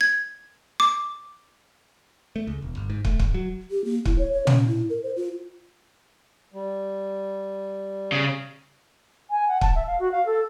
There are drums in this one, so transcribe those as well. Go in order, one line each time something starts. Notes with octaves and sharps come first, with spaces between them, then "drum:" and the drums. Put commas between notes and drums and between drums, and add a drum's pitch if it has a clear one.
G#6
D6
A3
C#2
E1
G1
G#2
A3, drum: kick
G1, drum: kick
F#3
G4
A#3
E4, drum: kick
C#5
C#5
C#4, drum: tom
E4
A#4
C5
F4
G3
C#3
G#5
F#5
A5, drum: kick
E5
F5
F#4
F5
A4